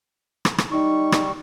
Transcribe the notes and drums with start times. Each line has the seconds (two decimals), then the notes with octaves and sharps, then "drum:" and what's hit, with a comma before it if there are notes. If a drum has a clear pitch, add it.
0.45 drum: rim click
0.58 drum: rim click
0.72 G3 D#4 C#6
1.12 drum: rim click